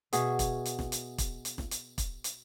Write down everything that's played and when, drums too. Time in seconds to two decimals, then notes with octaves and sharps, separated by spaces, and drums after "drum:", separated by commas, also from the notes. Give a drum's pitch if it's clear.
0.13 B2 F#4 G#4 E5, drum: hi-hat
0.39 drum: kick, hi-hat
0.65 drum: hi-hat
0.79 drum: snare
0.92 drum: hi-hat
1.18 drum: kick, hi-hat
1.45 drum: hi-hat
1.58 drum: snare
1.71 drum: hi-hat
1.98 drum: kick, hi-hat
2.24 drum: hi-hat